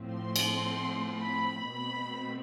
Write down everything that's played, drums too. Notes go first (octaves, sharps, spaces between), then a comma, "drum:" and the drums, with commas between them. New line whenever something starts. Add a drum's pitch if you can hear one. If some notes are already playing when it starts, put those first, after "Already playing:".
Already playing: A2 F3 C4
C6
drum: cymbal
B5
B2 A3 C4 B5